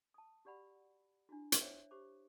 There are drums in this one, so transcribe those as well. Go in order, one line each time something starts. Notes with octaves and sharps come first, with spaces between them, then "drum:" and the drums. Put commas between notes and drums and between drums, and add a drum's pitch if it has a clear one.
A5 D#6
F#4 G4 D5 F#5 B5
D4 E4 F#4
drum: hi-hat
C5 C#5 E5
G4 C5 D6